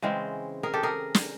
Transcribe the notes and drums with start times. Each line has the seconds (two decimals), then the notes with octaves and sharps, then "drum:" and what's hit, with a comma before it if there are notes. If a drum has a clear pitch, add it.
0.02 C#3 E3 G#3 C4
0.63 G#4 A#4
0.73 G4 A4
0.83 G#4 A#4
1.15 drum: snare